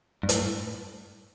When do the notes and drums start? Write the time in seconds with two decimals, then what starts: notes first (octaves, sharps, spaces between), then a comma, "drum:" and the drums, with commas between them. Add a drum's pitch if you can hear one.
0.23 G2
0.29 A2, drum: hi-hat